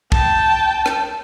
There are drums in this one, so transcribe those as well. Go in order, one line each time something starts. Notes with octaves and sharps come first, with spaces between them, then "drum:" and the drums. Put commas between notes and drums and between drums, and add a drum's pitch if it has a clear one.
G5 A5, drum: kick
drum: rim click